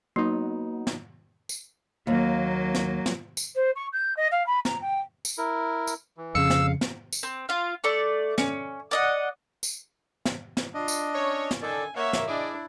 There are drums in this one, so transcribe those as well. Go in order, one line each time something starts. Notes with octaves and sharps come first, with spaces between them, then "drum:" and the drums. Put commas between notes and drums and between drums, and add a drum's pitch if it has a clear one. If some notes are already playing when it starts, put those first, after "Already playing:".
F#3 A#3 B3 D#4
drum: snare
drum: tambourine
D#2 F#3 A#3
drum: snare
drum: snare
drum: tambourine
C5
C#6
G6
D#5
F5
B5
A#5, drum: snare
G5
drum: tambourine
E4 A#4
drum: tambourine
E3
F2 C#3 F5 E6 C#7
drum: snare
drum: snare
drum: tambourine
C4
F4 F5
A3 D5 C#6
C#4, drum: snare
D5 D#5 F#5
drum: tambourine
drum: snare
drum: snare
D4 F4 D#5
drum: tambourine
C#4 C#5
drum: snare
D3 D#3 A4 D5 G#5
A#3 C#5 E5 F#5
drum: snare
D4 E4 G#4 D5 D#5